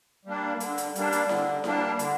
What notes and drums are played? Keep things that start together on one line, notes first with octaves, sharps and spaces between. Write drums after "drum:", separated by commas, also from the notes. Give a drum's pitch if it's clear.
G3 A#3 D4
D3, drum: hi-hat
drum: hi-hat
G3 A#3 D4, drum: hi-hat
drum: hi-hat
D3, drum: snare E4
G3 A#3 D4, drum: snare E4
D3, drum: hi-hat